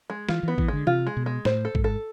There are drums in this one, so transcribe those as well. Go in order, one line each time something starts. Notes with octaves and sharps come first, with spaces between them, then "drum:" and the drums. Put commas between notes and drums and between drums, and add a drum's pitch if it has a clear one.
G#3
E3 F4, drum: snare
E3 B3
E3, drum: kick
D3 G#3
C3 F4, drum: tom
G#3
B2
G#3
A2 C5, drum: snare
A4
G#2, drum: kick
A4